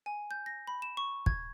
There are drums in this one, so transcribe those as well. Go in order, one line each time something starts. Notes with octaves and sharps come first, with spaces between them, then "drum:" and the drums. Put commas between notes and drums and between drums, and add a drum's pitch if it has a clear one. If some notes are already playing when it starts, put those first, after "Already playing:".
G#5
G6
A#6
B5
E7
C#6
G#6, drum: kick